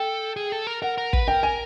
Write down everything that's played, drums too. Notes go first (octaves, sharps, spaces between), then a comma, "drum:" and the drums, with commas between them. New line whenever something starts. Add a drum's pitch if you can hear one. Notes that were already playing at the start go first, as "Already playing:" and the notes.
Already playing: A4 G5
G#4
A4
A#4
A#4 F#5
A#4
B4, drum: kick
A#4 G5
G#5